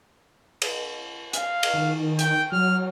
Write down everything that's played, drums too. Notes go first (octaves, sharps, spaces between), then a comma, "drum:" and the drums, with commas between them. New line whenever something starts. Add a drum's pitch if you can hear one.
drum: cymbal
F5, drum: hi-hat
drum: cymbal
D#3
G5, drum: hi-hat
F#3 F6